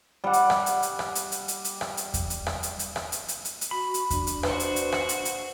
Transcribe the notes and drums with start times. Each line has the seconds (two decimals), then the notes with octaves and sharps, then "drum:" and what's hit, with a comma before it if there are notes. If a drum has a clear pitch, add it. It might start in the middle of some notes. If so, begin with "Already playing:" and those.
0.24 G3 F#5
0.33 drum: hi-hat
0.50 drum: rim click
0.66 drum: hi-hat
0.83 drum: hi-hat
0.99 drum: rim click
1.15 drum: hi-hat
1.32 drum: hi-hat
1.48 drum: hi-hat
1.65 drum: hi-hat
1.81 drum: rim click
1.97 drum: hi-hat
2.14 drum: kick E2, hi-hat
2.30 drum: hi-hat
2.46 drum: rim click
2.63 drum: hi-hat
2.79 drum: hi-hat
2.96 drum: rim click
3.12 drum: hi-hat
3.28 drum: hi-hat
3.45 drum: hi-hat
3.61 drum: hi-hat
3.71 F#4 B5
3.94 drum: hi-hat
4.10 D4, drum: kick E2, hi-hat
4.27 drum: hi-hat
4.43 F#4 B4 C5, drum: rim click
4.60 drum: hi-hat
4.76 drum: hi-hat
4.92 drum: rim click
5.09 drum: hi-hat
5.25 drum: hi-hat